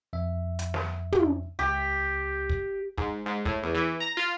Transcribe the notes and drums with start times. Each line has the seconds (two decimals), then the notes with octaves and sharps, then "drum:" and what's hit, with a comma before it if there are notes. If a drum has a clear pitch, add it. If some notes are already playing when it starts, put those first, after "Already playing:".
0.13 F2 E5
0.59 drum: hi-hat
0.74 drum: snare
1.12 drum: tom
1.59 C#2 G4
2.49 drum: kick
2.98 G#2, drum: kick
3.26 G#2
3.45 A2, drum: kick
3.63 E2
3.75 E3
4.00 A#5
4.17 F4